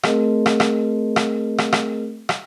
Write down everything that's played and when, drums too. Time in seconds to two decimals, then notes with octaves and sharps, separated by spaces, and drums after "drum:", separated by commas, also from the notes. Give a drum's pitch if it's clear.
0.03 A3 C4 G#4 A#4 D#5, drum: rim click
0.46 drum: rim click
0.60 drum: rim click
1.16 drum: rim click
1.58 drum: rim click
1.73 drum: rim click
2.29 drum: rim click